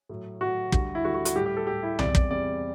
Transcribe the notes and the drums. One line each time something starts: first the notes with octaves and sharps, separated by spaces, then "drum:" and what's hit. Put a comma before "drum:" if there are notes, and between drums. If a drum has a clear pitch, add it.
A2 F#3
A2 F#3 F#4
D2 D3 G3, drum: kick
E4
D2 D3 G3 F#4
F#4
F#4, drum: hi-hat
A2 G3 G4
G4
A4
A2 G3 G4
E4
E2 C3 G3 D5, drum: tom C2
D5, drum: kick
E2 C3 G3 D5